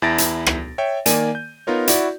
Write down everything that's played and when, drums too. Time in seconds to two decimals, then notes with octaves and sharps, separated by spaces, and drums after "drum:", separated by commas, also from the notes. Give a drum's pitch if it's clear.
0.02 E2 E4 A5 A6 A#6 D7
0.18 drum: hi-hat
0.46 drum: rim click
0.78 C#5 E5 G5
1.06 D#3 A#3 D5 G#5 D#7, drum: hi-hat
1.35 G6
1.67 B3 D#4 F4 A#4 C#5
1.88 E4 F#4 D5, drum: hi-hat